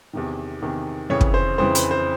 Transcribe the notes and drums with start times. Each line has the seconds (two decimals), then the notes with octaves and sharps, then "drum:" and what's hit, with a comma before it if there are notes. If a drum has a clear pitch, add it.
0.13 E2 C3 D#3
0.62 E2 C3 D#3
1.10 F2 C#3 E3 C#5
1.21 drum: kick
1.34 C5
1.58 F2 C#3 E3 C5
1.75 B4, drum: hi-hat
1.91 C5